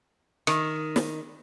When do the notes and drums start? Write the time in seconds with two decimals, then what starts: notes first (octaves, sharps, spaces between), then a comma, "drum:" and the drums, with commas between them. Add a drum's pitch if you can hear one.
0.47 D#3, drum: rim click
0.96 drum: snare